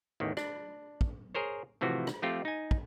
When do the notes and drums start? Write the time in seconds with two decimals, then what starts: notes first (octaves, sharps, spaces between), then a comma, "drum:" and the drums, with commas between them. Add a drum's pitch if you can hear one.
0.20 A1 E2 D#3
0.37 D4, drum: rim click
1.01 drum: kick
1.35 G#4 A#4 C5 C#5
1.81 A2 C3 E3 F3 F#4
2.07 drum: rim click
2.22 F3 A3 C4 F4 G4
2.45 D#4 G#5
2.71 drum: kick